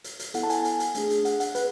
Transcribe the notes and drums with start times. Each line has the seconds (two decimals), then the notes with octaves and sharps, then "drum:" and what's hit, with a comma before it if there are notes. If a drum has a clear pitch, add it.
0.04 drum: hi-hat
0.19 drum: hi-hat
0.34 B3 E4 A4 F#5, drum: hi-hat
0.43 A5
0.50 G#5, drum: hi-hat
0.65 drum: hi-hat
0.80 drum: hi-hat
0.95 A3 D4 G#4, drum: hi-hat
1.10 drum: hi-hat
1.25 F#5, drum: hi-hat
1.40 F#5, drum: hi-hat
1.55 G#4 B4, drum: hi-hat